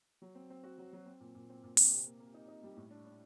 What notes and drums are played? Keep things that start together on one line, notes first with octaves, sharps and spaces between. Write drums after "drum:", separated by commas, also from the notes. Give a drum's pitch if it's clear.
F#3
C4
C4
F#4
F#3
F#3
C4
A#2
A#2
C4
A#2
C4, drum: open hi-hat
C3
A#3
A#3
D#4
D#4
G3
A2
D4
D4